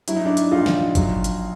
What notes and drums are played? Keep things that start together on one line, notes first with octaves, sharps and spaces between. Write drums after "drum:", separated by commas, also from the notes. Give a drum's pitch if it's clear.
F#3 E4, drum: hi-hat
D#4
D4 E4
drum: hi-hat
A#1 D#4 F4
drum: snare
F#3, drum: kick G1, hi-hat
drum: hi-hat